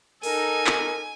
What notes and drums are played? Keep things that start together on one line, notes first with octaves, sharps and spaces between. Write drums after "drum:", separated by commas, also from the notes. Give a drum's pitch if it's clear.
D#4 A4 A#4 G#5, drum: open hi-hat
drum: clap